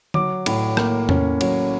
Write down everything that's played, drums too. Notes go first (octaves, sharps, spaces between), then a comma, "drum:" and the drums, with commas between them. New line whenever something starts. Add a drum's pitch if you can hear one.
F#3 D6, drum: tom D3
A2, drum: cymbal
A#3, drum: rim click
C#4, drum: tom E2
F#3, drum: cymbal